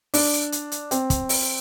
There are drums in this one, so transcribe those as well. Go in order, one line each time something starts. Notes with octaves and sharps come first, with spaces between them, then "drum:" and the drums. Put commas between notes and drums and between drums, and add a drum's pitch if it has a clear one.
D4, drum: open hi-hat
drum: hi-hat
drum: hi-hat
drum: hi-hat
C4, drum: hi-hat
drum: kick, hi-hat
drum: open hi-hat